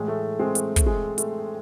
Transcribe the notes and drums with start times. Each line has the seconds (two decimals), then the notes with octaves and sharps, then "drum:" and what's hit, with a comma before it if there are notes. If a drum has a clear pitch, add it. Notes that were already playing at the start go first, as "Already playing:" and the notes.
Already playing: A2 E3 G#3
0.08 A3
0.39 G#3 C4
0.55 drum: hi-hat
0.76 drum: kick, hi-hat
0.86 G#3
1.18 A3, drum: hi-hat